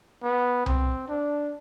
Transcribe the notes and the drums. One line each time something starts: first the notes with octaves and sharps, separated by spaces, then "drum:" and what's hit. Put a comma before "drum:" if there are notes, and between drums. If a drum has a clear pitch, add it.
B3
C4, drum: tom C2
D4